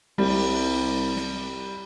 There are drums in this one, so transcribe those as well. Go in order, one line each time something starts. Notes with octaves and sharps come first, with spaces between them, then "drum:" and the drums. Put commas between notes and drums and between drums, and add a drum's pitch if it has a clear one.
C2 G3, drum: cymbal
drum: snare